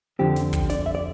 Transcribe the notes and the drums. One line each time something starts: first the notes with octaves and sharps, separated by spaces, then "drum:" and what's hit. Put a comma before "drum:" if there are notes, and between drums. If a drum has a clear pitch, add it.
F2 D3 F3 C4 G4
drum: snare
drum: kick, hi-hat
D5, drum: snare
E5
D5